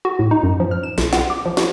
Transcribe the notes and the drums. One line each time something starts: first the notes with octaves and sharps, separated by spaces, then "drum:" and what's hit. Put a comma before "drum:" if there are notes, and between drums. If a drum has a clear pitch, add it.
F#4
A2
D#4
F#2
F3
F6
E7
B1, drum: snare
F#5, drum: snare
D6
F3
F#4, drum: snare